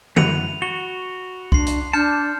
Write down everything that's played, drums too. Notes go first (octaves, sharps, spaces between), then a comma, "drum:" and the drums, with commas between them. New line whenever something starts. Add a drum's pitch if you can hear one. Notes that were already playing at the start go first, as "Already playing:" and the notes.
F#2 E3 F#5 B5 D#7 F7, drum: tom
F#4 G7
D4 C6 C7, drum: kick C2
drum: hi-hat
D4 A5 F6 G6 C#7